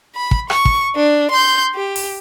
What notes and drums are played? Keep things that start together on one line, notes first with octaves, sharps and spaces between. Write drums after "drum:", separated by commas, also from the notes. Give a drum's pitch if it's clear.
B5
drum: kick
C#6, drum: rim click
drum: kick
D4
C6 G6
G4
drum: open hi-hat